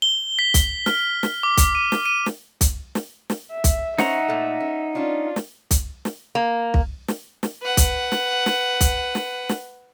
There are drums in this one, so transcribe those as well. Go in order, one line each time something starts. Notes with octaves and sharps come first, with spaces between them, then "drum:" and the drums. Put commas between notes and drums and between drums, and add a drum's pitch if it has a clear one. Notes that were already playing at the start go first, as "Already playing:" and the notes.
G7
B6
drum: kick, hi-hat
F6, drum: snare
drum: snare
D6
drum: kick, hi-hat
D#7
drum: snare
D#7
drum: snare
drum: kick, hi-hat
drum: snare
drum: snare
E5
drum: kick, hi-hat
C#4 D#4 C5 C#5 E5 F#5 A#5, drum: snare
A#2 A3
C#4
C#4 D4 F4
drum: snare
drum: kick, hi-hat
drum: snare
A#3
drum: kick
drum: snare
drum: snare
B4 F#5
drum: kick, hi-hat
drum: snare
drum: snare
drum: kick, hi-hat
drum: snare
drum: snare